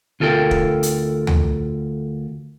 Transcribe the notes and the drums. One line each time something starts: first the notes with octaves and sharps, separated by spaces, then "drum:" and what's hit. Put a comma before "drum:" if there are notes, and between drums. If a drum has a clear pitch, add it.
D2 F4 A4 A#4 G5
drum: kick
drum: hi-hat
drum: tom D2